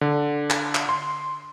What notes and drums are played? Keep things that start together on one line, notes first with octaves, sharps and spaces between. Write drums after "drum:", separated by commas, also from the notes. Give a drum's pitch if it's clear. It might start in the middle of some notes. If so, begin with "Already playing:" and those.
D3
drum: clap
drum: clap
C6